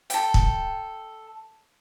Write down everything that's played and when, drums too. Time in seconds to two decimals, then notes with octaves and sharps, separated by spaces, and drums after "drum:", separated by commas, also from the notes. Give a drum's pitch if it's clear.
0.10 A4 G5, drum: hi-hat
0.34 drum: kick